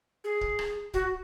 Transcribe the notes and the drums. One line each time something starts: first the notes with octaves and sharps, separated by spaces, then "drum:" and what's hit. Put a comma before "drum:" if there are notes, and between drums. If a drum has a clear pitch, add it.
G#4
drum: kick
drum: rim click
F#4, drum: kick